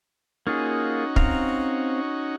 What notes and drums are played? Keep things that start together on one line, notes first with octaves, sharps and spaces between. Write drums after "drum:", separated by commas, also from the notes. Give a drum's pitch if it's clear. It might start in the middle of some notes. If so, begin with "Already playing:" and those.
A#3 C#4 D#4 F4 F#4 G#4
C4 F5 A#5, drum: kick